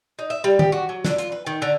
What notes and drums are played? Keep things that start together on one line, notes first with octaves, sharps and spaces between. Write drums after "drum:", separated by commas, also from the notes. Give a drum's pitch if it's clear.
D#4
E5
G3
G4, drum: tom
F#4
F#3
D3, drum: snare
F4, drum: hi-hat
B4
D#3
D3